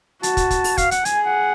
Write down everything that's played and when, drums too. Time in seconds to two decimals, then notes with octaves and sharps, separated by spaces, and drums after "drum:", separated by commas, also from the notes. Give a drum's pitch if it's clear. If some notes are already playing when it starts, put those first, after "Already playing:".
0.23 F#4 A5, drum: hi-hat
0.37 drum: kick, hi-hat
0.50 drum: kick, hi-hat
0.64 drum: open hi-hat
0.78 F5, drum: kick, hi-hat
0.91 F#5, drum: hi-hat
1.05 G#4 G#5, drum: hi-hat
1.25 F#5